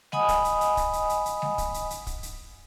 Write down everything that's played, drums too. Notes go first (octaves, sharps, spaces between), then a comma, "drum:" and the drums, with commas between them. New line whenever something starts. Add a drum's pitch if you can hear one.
D#5 F#5 G#5 B5 D#6, drum: snare G#3
drum: kick, hi-hat
drum: hi-hat
drum: hi-hat
drum: kick, hi-hat
drum: hi-hat
drum: hi-hat
drum: hi-hat
drum: snare G#3
drum: kick, hi-hat
drum: hi-hat
drum: hi-hat
drum: kick, hi-hat
drum: hi-hat